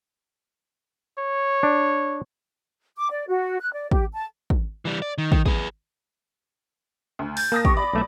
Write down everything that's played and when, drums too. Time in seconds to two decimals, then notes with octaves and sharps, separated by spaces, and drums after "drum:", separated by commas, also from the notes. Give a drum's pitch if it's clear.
1.18 C#5
1.63 D4
2.97 D6
3.11 D5
3.28 F#4
3.61 F#6
3.73 D5
3.92 G4, drum: kick
4.13 A5
4.50 drum: kick
4.85 E3 G3
5.02 D5
5.18 D#3
5.32 D#3, drum: kick
5.46 G#4 B4, drum: kick
7.19 D2
7.37 G6 A6, drum: open hi-hat
7.52 A#3 A5 D#6 A#6
7.65 B2 G4 C#6, drum: kick
7.77 D5 B5
7.93 B1 A3 E5